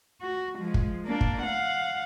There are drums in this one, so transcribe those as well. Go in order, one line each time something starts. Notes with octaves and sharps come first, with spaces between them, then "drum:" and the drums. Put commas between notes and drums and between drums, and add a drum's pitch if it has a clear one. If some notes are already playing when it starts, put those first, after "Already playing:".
F#4
F3 G#3
drum: kick
A#3 D4
drum: kick
F5 F#5